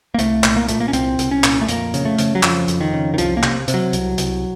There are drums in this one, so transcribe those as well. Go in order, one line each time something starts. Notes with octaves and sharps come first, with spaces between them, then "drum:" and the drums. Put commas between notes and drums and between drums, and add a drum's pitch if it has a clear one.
A#3
C2 A3, drum: hi-hat
A#2, drum: clap
A#3
A#2 A3, drum: hi-hat
A#3
C#4
C2 C4, drum: hi-hat
C2, drum: hi-hat
C#4
A#2, drum: clap
A3
F2 A#3, drum: hi-hat
C#3, drum: hi-hat
A3
C#3, drum: hi-hat
F#3
F2 F3, drum: clap
F2, drum: hi-hat
D#3
C#3
D#3
C2 F3, drum: hi-hat
A#3
C3, drum: clap
C3, drum: hi-hat
F#3
C2, drum: hi-hat
C2, drum: hi-hat